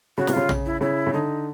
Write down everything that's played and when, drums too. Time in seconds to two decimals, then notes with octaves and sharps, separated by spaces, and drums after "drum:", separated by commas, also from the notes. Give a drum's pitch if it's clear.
0.18 C#3 F#4
0.27 C3, drum: snare
0.33 C#3 F4
0.49 C#3, drum: tom A#1
0.66 E4
0.81 C#3 E4
1.07 C#3
1.13 D3 D#4